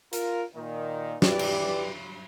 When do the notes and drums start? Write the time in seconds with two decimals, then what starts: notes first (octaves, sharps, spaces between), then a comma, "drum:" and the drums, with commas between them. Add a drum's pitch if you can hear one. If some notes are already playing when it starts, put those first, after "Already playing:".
0.13 F4 A#4, drum: hi-hat
0.56 A#2 D#3 D#4
1.22 E3 G4 B4 D5, drum: snare
1.39 drum: cymbal